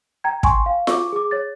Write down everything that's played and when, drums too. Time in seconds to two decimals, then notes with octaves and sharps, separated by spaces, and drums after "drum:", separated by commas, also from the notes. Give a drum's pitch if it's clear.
0.24 G5 A#5 G#6
0.43 G5 G#5 C6 C#6, drum: kick
0.66 F5
0.87 C#6 D6, drum: snare F4
1.13 G#4 D6
1.31 C#5 A6